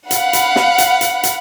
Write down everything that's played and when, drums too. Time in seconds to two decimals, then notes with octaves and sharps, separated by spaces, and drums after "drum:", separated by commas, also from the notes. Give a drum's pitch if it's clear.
0.11 F5 F#5 B5, drum: hi-hat
0.33 drum: hi-hat
0.56 drum: snare
0.78 drum: hi-hat
1.01 drum: hi-hat
1.23 drum: hi-hat